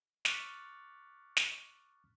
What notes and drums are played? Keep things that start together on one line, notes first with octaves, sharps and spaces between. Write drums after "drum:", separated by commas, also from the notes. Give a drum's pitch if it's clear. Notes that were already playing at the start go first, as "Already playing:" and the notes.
C#6 D6 F6 F#6 A6 B6, drum: snare
drum: snare